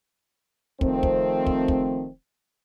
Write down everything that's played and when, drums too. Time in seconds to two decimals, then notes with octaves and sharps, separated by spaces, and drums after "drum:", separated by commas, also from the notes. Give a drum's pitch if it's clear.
0.81 D#3 F3 A3 C4, drum: kick
1.03 drum: kick
1.46 drum: kick
1.68 drum: kick